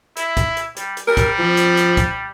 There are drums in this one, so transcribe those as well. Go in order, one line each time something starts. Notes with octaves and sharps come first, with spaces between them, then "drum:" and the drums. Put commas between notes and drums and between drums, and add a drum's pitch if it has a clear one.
E4, drum: hi-hat
drum: kick, hi-hat
drum: hi-hat
G3, drum: hi-hat
drum: hi-hat
G3 A#4
drum: kick, hi-hat
F3
drum: hi-hat
drum: hi-hat
drum: kick, hi-hat